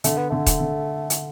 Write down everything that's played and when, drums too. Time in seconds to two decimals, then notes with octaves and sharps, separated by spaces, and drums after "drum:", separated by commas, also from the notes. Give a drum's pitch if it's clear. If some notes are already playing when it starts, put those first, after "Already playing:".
0.04 D3 A3, drum: hi-hat
0.17 B3
0.30 D3 A3
0.46 drum: kick D#1, hi-hat
0.60 D3
1.10 drum: hi-hat